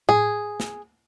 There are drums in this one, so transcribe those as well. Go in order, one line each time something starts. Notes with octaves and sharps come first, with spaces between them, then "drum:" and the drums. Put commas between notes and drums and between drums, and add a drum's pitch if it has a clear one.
G#4, drum: tom A2
drum: snare